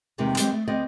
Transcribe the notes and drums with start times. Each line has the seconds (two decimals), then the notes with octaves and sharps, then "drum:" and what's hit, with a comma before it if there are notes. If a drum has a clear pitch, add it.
0.18 E2 C3 D#3 G#3 A#3
0.37 E3 G3 G#3 C4, drum: hi-hat
0.52 A3
0.68 D2 B3 C4 D5 D#5